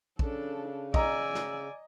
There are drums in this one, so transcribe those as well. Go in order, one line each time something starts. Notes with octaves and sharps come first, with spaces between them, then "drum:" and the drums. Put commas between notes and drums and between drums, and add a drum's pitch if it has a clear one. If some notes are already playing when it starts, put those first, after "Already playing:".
C#3 D4 A4, drum: kick
D5 D#5 G#5 A#5 E6, drum: kick
drum: snare